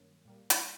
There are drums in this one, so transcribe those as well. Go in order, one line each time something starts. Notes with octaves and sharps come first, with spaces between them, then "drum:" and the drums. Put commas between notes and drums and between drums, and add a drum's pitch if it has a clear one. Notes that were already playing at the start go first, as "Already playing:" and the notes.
Already playing: G2 D#3 F#3 A#3 C#4
A#2 G3 A#3
drum: hi-hat